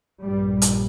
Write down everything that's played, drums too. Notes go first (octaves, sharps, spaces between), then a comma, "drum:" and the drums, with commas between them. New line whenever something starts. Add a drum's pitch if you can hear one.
A#1 G2 A#2 G3
drum: hi-hat